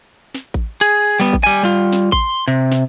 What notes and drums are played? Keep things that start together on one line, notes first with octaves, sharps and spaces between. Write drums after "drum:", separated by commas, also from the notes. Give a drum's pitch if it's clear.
drum: snare
drum: kick A1
G#4
G3 B3
drum: kick A1
G3 G#5
G3 F4
drum: snare
C6, drum: kick A1
C3
drum: snare